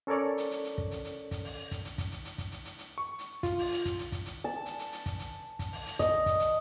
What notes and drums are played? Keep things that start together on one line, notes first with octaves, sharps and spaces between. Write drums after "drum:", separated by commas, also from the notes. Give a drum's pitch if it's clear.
C#4 A4 A#4 C#5 D5
drum: hi-hat
drum: hi-hat
drum: hi-hat
drum: kick
drum: hi-hat
drum: hi-hat
drum: kick, hi-hat
drum: open hi-hat
drum: kick, hi-hat
drum: hi-hat
drum: kick, hi-hat
drum: hi-hat
drum: hi-hat
drum: kick, hi-hat
drum: hi-hat
drum: hi-hat
drum: hi-hat
C#6
drum: hi-hat
F4, drum: kick, hi-hat
drum: open hi-hat
drum: hi-hat
drum: kick, hi-hat
drum: hi-hat
drum: kick, hi-hat
drum: hi-hat
A5
drum: hi-hat
drum: hi-hat
drum: hi-hat
drum: kick, hi-hat
drum: hi-hat
drum: kick, hi-hat
drum: open hi-hat
drum: hi-hat
D#5, drum: kick, hi-hat
drum: kick, hi-hat
drum: hi-hat